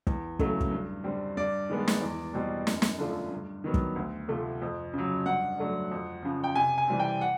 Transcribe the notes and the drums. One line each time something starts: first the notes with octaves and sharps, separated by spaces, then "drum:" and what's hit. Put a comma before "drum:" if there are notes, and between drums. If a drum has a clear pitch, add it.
E2, drum: kick
C#3 F#3 A3, drum: kick
drum: kick
G2
D3 G3 C4
G2 D5
D#3 G#3 B3 D4
drum: snare
E2
B2 G3 C4
F#2, drum: snare
drum: snare
D3 F3 A3 D4
G2
D#3 F#3 B3
drum: kick
D2
C3 F3 A3
F2
C#3 F#3
G2 F#5
D3 F#3 A3 D4
F2
C#3 F3
G5
C3 G#5
G#5
E3 G3 C4
G5
F#5